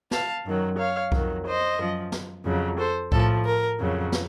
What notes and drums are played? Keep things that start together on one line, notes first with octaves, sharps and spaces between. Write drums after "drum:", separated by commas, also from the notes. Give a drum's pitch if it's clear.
F5 A5, drum: snare
F#2 D#3 F#3
C#5 F5
F2 D#3 F#3, drum: kick B1
C5 D#5
F#2 F3
drum: snare
F2 C#3 F#3
A4 C5
A2 F3 A4, drum: kick B1
A#4
F2 C#3 F#3
drum: snare